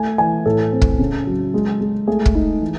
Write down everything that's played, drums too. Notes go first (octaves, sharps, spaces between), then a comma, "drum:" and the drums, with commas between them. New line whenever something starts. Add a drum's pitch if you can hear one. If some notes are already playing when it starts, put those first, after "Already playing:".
Already playing: A3 G#5
E3 G#5
A2 A4
C4
drum: kick
C#3
F#3
G#3
G#3
A3 G#4
drum: kick
D#4
E3